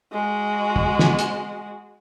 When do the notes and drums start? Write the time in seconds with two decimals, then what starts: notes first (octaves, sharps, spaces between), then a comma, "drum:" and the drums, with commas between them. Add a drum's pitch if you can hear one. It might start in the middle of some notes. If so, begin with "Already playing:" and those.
0.12 G#3 F#4
0.76 drum: kick
0.99 drum: snare
1.19 drum: hi-hat